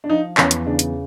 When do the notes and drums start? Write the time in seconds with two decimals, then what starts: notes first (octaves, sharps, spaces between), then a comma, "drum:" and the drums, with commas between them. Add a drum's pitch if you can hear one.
0.04 D4
0.09 F3 D#4
0.37 E2 C#4, drum: clap
0.51 drum: hi-hat
0.66 C#3 D4
0.79 drum: hi-hat